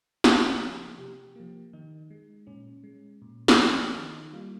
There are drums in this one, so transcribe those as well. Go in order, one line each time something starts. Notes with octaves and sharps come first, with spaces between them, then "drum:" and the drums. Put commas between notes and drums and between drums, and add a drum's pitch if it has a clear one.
C#3 G#4, drum: snare
F3 A#3
C3 G4
F3 A#3
D#3 D#4
G#3
A#2 C#4
G#3
A#2
drum: snare
F3 A#3
D#3 D#4
D#4
G3 A#3 F4